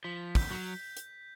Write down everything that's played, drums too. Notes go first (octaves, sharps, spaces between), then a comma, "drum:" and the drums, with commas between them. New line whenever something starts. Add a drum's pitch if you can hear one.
F3 B6
G6, drum: kick, open hi-hat
F#3
drum: hi-hat